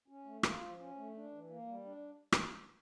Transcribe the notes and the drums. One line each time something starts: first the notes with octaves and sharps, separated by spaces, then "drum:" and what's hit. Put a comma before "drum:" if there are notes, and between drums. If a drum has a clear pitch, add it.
C#4
A3
F4, drum: rim click
F3
C#4
A3
D4
E3
A#3
G3
D4
drum: rim click